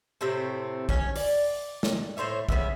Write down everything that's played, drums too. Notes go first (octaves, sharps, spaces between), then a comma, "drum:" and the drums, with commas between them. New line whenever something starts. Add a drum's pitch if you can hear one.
A2 C3 A3 C4
C#4 C#5, drum: kick
D5, drum: open hi-hat
drum: snare
A2 C5 C#5 E5
C#3 B3 E5, drum: kick